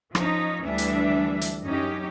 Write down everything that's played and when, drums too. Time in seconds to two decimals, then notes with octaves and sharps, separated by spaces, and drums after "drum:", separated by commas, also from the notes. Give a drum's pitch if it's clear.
0.15 F3 C#4 D#4, drum: rim click
0.63 D2 E3 G3 D4 E5
0.78 drum: hi-hat
1.41 drum: hi-hat
1.63 F#2 C#4 D#4 G4